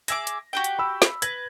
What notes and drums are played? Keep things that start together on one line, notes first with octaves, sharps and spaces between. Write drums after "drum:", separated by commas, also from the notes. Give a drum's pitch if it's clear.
G#4 E5 D6 A#6, drum: hi-hat
drum: hi-hat
F#4 G4 G5
drum: hi-hat
B5 E6
drum: snare
B4 G#6 A#6, drum: hi-hat